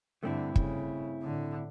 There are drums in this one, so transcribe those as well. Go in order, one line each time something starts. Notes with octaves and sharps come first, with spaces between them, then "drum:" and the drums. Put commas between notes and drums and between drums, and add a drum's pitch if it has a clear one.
G2 D3 A3 C4 E4
C#3, drum: kick
A2 D3